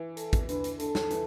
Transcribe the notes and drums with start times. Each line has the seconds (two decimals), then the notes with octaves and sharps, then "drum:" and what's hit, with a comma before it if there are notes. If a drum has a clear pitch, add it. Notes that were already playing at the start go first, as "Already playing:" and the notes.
Already playing: E3
0.17 A4, drum: hi-hat
0.33 drum: kick, hi-hat
0.49 D3 B4, drum: hi-hat
0.64 drum: hi-hat
0.79 D3 A4, drum: hi-hat
0.95 drum: snare
1.10 E3, drum: hi-hat